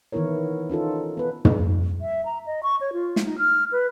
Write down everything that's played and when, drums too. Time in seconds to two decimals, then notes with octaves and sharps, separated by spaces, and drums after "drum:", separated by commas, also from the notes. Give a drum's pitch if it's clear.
0.12 D#3 E3 B3 E4 A#4 C#5
0.70 C#4 D#4 F4 A4
1.17 B3 B4
1.45 drum: tom
2.01 E5
2.25 A#5
2.46 D#5
2.63 C#6
2.81 C#5
2.93 F4
3.16 drum: snare
3.25 D#4
3.38 F6
3.72 B4